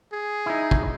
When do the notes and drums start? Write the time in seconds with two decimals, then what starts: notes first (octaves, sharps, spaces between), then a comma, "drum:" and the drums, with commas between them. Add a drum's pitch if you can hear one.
0.13 G#4
0.46 D#4 E4
0.71 drum: kick